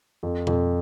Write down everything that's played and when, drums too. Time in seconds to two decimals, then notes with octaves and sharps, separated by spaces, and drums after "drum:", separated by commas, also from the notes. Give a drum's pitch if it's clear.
0.23 F2
0.47 F2, drum: tom B2